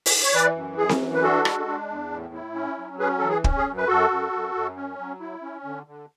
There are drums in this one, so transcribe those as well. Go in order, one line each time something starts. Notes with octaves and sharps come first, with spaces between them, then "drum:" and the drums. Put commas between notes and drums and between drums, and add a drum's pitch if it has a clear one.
drum: open hi-hat
C#5
E3 B4 D5
F#2
F#2 G#4
drum: snare C4
E3
B4
D4 F#4 A4
G#3, drum: rim click
D4
E2
A2
E4
C#4
F#3
C#4 G#4 B4
E3 A4
G#4
C#4, drum: kick
G#4
F#2
B4
F#2 F#4 A4
F#2
F#2
F#2
C#4
F#3
E4
C#4
D3
D3